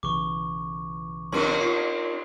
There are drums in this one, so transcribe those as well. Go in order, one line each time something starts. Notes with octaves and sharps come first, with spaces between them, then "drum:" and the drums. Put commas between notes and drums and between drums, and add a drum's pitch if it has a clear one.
B1 C#3 E3 C#6 D6
D#4 A#4 C#5 C6, drum: cymbal
F4 C7